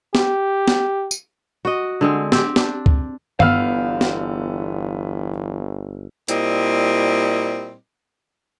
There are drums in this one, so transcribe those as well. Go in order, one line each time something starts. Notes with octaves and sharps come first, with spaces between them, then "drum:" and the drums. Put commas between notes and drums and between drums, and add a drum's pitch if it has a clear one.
G4, drum: snare
drum: snare
drum: tambourine
F#4 D#5
D3 G#3 C4
C4 G4, drum: snare
D4, drum: snare
drum: kick C#2
G1 E2 B3 F5 E6 F6, drum: tom G2
drum: snare
A#2 G3 C4 E4 D#5, drum: hi-hat